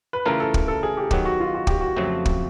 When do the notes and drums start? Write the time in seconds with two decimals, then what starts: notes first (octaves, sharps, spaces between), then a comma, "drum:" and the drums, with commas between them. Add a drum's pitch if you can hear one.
0.13 B4
0.25 C#3 E3 A3 C#4 F4 A#4
0.40 A4
0.54 drum: kick
0.68 A4
0.83 G#4
0.97 G4
1.11 D#3 F#3 B3 G4, drum: kick
1.25 F#4
1.40 F4
1.55 F#4
1.67 G4, drum: kick
1.81 F#4
1.96 F2 C#3 F#3 A3 C4
2.25 drum: kick